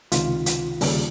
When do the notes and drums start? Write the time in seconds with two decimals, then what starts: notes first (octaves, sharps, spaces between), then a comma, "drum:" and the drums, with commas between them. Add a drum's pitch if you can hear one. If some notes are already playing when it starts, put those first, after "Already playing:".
0.12 C#2 C3 D#3 F4, drum: hi-hat
0.46 drum: hi-hat
0.81 D#2 C#3 G3, drum: open hi-hat